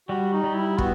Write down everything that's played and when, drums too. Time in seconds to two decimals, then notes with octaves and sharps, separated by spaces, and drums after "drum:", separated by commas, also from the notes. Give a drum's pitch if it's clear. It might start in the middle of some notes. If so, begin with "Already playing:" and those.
0.09 G3 F#4
0.33 D#4
0.44 G3
0.55 E4
0.78 B3 F#4, drum: kick